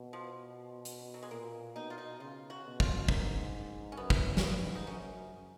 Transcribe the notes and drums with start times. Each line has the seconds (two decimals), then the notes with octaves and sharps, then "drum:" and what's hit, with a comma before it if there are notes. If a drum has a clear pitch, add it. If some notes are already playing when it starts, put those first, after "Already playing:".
Already playing: B2
0.13 F3
0.85 drum: hi-hat
1.14 F#3
1.23 G#3
1.31 A#2 A#3
1.75 B2 D#4
1.90 F4
1.98 D#4
2.20 C#3 F4
2.50 F#4
2.65 B2
2.80 F4, drum: kick
3.08 G#2 A#3, drum: kick
3.92 C#4
3.97 F#2 B3
4.10 drum: kick
4.28 A#2
4.37 C#4, drum: snare
4.42 B3
4.57 G#2
4.75 D#4
4.87 F#2 C#4